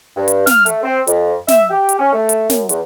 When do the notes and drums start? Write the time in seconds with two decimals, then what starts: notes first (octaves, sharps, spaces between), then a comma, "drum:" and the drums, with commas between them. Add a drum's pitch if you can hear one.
0.17 G2
0.28 drum: hi-hat
0.47 F6, drum: snare
0.66 A3, drum: hi-hat
0.83 C4
1.07 F2, drum: hi-hat
1.48 E5, drum: snare
1.70 G4
1.89 drum: hi-hat
1.99 C#4
2.13 A3
2.29 drum: hi-hat
2.50 F#2, drum: snare
2.69 E2, drum: hi-hat